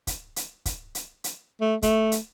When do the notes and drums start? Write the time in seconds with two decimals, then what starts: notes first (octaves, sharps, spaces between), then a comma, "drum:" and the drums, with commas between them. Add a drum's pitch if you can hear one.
0.07 drum: kick, hi-hat
0.36 drum: hi-hat
0.66 drum: kick, hi-hat
0.95 drum: hi-hat
1.24 drum: hi-hat
1.61 A3
1.82 A3, drum: kick, hi-hat
2.12 drum: hi-hat